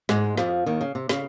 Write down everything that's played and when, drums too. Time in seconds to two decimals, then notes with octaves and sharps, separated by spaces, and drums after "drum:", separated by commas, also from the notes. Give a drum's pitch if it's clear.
0.09 G#2 G#3, drum: snare
0.38 F2 F3, drum: snare
0.66 D#2 D#3
0.81 C#3
0.95 C3
1.09 C#3, drum: snare